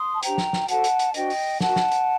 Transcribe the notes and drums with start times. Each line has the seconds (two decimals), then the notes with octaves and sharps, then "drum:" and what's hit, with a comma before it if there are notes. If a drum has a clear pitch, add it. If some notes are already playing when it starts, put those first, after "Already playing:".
Already playing: C6 D#6
0.13 A5
0.23 D4 G4 C5 G5 A#5, drum: hi-hat
0.38 drum: snare
0.53 drum: snare
0.68 F#4 A4 C5 F#5 A5, drum: hi-hat
0.84 drum: hi-hat
0.99 drum: hi-hat
1.14 D4 F#4 C5 D#5 G5, drum: hi-hat
1.30 drum: open hi-hat
1.60 F#4 A#4 F#5 A5, drum: snare
1.76 drum: snare
1.92 drum: hi-hat